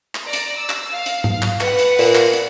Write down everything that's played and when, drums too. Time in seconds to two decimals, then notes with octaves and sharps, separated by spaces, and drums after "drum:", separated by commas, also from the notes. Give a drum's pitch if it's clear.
0.15 drum: clap
0.24 D5 A#5
0.33 drum: hi-hat
0.57 E6
0.70 drum: clap
0.93 F5
1.06 drum: hi-hat
1.24 drum: tom G#2
1.42 drum: clap
1.61 B4 F#5, drum: clap
1.79 drum: hi-hat
1.99 A#2, drum: open hi-hat
2.15 drum: clap
2.33 drum: hi-hat